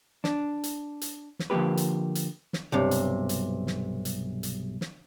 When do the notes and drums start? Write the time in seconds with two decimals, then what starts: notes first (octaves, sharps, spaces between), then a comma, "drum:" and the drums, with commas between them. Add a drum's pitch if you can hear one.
0.24 D4, drum: snare
0.64 drum: hi-hat
1.01 drum: hi-hat
1.39 drum: snare
1.50 D3 F3 G#3 A#3 G4 B4
1.77 drum: hi-hat
2.15 drum: hi-hat
2.53 drum: snare
2.72 B1 G2 C3
2.91 drum: hi-hat
3.29 drum: hi-hat
3.67 drum: snare
4.05 drum: hi-hat
4.43 drum: hi-hat
4.81 drum: snare